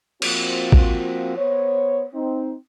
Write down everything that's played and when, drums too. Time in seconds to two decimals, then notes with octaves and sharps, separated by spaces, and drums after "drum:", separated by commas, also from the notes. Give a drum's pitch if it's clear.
0.22 F3 A#3 C4 F4 F#4, drum: cymbal
0.72 drum: kick A1
1.37 B3 C5 C#5
2.14 C4 D#4